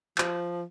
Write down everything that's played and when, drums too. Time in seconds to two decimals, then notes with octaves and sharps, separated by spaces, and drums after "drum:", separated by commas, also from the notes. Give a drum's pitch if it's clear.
0.18 F3, drum: clap